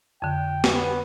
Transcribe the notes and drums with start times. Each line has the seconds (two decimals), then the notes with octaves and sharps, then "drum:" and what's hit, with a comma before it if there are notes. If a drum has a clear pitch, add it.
0.22 F2 D3 G5
0.64 drum: snare
0.73 B3